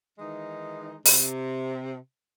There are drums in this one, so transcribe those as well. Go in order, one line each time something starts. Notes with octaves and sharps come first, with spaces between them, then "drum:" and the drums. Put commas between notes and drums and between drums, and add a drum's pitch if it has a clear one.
D#3 E3 G#3 D#4
C3, drum: open hi-hat